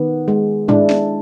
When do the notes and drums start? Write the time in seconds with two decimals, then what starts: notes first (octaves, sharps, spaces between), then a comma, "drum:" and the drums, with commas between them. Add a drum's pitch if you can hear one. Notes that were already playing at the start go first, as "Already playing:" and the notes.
Already playing: D#3 B3
0.28 G#3
0.68 G#3 D4 E4, drum: tom
0.90 drum: snare